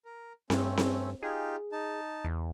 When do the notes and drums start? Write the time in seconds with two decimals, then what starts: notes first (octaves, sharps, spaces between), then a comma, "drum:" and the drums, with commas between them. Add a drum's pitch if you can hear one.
0.05 A#4
0.50 G2 A3 C4 C#4, drum: snare C4
0.77 drum: snare C4
1.23 D#4 F4 G4 G#4
1.72 D#4 A5
2.25 E2